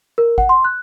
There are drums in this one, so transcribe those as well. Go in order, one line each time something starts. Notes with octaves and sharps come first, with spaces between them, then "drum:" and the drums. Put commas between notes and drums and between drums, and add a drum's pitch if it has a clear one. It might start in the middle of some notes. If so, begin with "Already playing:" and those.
A#4
F#5, drum: kick G#1
C6
F#6